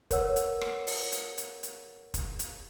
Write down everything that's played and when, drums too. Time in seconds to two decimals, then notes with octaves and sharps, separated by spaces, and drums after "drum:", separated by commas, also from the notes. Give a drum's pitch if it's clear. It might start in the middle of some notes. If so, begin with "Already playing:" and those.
0.11 A#4 B4 C#5 F#5 E6, drum: kick, hi-hat
0.36 drum: hi-hat
0.61 drum: rim click
0.87 drum: open hi-hat
1.12 drum: hi-hat
1.38 drum: hi-hat
1.63 drum: hi-hat
2.14 drum: kick, hi-hat
2.39 drum: hi-hat